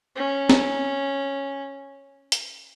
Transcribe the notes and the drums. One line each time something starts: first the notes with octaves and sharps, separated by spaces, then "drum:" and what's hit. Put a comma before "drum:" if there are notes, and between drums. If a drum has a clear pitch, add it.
C#4
drum: snare
drum: hi-hat